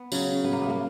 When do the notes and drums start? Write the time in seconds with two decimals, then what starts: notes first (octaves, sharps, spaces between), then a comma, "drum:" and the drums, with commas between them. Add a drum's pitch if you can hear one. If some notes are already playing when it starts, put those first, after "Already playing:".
Already playing: B3
0.12 C#3 F#3, drum: tambourine
0.44 B3
0.53 A#3
0.62 B3
0.70 A#3